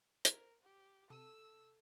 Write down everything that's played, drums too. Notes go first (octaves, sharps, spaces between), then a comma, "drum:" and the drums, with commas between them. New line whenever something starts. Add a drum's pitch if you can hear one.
A#4 C5, drum: hi-hat
G4
C3 A4 E6 D#7